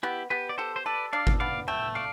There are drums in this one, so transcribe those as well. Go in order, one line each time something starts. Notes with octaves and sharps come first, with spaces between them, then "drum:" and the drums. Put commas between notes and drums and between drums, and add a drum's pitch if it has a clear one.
B3 E4 G4
B3 G4 B4
D5
G4 A4 C5
C5
A4 B4 D5
D4 D5 F5
drum: kick G1
B3 D5 F5
A3 E5 G5
A4 D5 F5